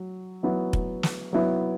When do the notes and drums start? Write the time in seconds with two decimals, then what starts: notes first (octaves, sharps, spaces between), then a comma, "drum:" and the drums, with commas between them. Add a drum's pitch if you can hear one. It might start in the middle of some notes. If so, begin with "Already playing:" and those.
Already playing: F#3
0.43 F#3 B3 E4
0.73 drum: kick
1.03 drum: snare
1.33 F#3 B3 E4